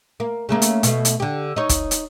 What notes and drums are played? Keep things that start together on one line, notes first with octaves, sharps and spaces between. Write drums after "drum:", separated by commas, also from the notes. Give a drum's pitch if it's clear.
A#3
C#3 A3 A#3
drum: hi-hat
B2 A3, drum: hi-hat
drum: hi-hat
D3 G4
D#4 C#5
drum: kick, hi-hat
drum: hi-hat